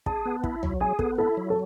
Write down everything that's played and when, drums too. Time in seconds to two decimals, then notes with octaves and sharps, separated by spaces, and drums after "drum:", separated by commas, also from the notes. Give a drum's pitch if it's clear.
0.06 G#4 A5, drum: kick
0.26 B3
0.44 E4, drum: kick
0.63 F#3, drum: tom
0.81 G#4 G#5
0.99 B3 A4, drum: kick
1.18 E4 A4
1.37 F#3
1.50 A4